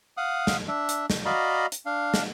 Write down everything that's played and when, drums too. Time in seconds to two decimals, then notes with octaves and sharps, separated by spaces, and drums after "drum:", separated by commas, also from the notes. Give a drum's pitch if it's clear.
0.17 F5 F#5 D#6
0.47 drum: snare
0.68 D4 E5
0.89 drum: hi-hat
1.10 drum: snare
1.25 F#4 D5 D#5 F5 A#5 B5
1.72 drum: hi-hat
1.86 D4 F5
2.14 drum: snare